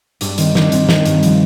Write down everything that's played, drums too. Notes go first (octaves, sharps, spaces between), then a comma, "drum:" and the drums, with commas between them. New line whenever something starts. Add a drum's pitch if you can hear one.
G2 D4, drum: hi-hat
D#3 C4, drum: hi-hat
D#3 D4, drum: snare
D#3 C4, drum: hi-hat
D#3, drum: snare
G2, drum: hi-hat
F3, drum: hi-hat